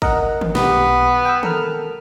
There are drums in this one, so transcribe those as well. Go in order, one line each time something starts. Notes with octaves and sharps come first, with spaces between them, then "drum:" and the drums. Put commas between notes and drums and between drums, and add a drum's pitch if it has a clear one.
A#4 D#5 F#5, drum: kick
drum: tom D#3
B1 B3 G4, drum: snare
G5 E6
A4 A#4 F6, drum: tom D#3